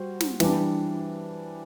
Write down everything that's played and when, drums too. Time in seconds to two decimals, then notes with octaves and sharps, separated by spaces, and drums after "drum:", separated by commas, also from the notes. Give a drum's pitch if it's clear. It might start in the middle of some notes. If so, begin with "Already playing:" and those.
Already playing: G3 F#4 C5
0.21 drum: snare
0.40 E3 G3 D4, drum: snare